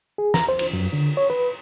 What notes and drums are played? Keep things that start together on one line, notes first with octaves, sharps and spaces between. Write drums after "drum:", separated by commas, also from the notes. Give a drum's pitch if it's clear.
G#4
A#5, drum: snare
C5
drum: cymbal
F#2
D3
C#5
B4